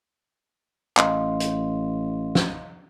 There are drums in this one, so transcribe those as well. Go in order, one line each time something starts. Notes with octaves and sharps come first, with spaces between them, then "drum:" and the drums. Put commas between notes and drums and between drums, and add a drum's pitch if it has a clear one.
A1 D#5 F5 C6, drum: clap
drum: hi-hat
drum: snare